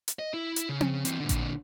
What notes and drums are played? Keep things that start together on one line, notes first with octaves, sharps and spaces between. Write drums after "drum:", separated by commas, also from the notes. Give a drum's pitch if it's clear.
drum: hi-hat
D#5
E4
drum: hi-hat
C#3
drum: tom C4
E3 C4, drum: hi-hat
A#2 D3
drum: kick A1, hi-hat